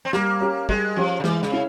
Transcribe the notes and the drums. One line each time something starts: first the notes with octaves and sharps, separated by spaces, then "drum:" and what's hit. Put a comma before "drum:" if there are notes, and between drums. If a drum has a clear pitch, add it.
C4
G3 A#3, drum: snare
C#4 G4
G3 G#3, drum: kick
F3 C#4 G4
C#3
E3 G#3, drum: snare
C#3, drum: snare
C#4 E4